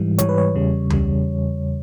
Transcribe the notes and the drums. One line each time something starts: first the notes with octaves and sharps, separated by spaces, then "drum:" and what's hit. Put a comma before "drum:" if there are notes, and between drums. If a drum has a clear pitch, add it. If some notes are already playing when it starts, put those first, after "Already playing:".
Already playing: G#2 E3 G3
G#2 E3 G3 C#5, drum: hi-hat
B4
C#5
E2 C#3 G3
E2 C#3 G3, drum: tom C#2